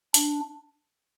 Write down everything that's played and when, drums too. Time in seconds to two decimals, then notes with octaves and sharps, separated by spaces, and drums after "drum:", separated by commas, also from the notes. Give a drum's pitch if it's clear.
0.14 D4, drum: hi-hat